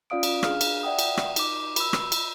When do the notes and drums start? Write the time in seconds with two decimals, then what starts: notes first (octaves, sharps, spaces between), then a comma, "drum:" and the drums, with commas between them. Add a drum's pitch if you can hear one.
0.10 C#4 F4 D5 F5 D#6 D7
0.23 drum: cymbal
0.43 D4 G#4 F5 F6, drum: rim click
0.61 drum: cymbal
0.83 D5 E5 F#5 G5 D#6
0.99 drum: cymbal
1.17 drum: rim click
1.36 D#4 D6, drum: cymbal
1.76 B5 E6, drum: cymbal
1.93 drum: rim click
2.12 drum: cymbal